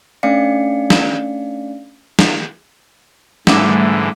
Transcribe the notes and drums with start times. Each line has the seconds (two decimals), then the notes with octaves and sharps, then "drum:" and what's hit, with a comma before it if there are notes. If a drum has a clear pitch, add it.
0.23 A3 C#4 D4 D5 F5 C#7
0.90 drum: snare
2.19 drum: snare
3.47 G#2 D3 E3 G3 A3 D6, drum: snare